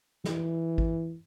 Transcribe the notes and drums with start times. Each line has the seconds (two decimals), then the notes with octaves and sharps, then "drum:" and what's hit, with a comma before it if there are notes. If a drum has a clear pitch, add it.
0.24 E3, drum: snare
0.78 drum: kick G#1